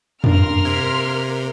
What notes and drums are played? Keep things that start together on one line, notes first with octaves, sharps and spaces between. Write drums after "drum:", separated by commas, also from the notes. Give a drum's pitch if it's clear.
G2 A#3 D4 A#4 C6 F6, drum: tom F2
C3 G#6 B6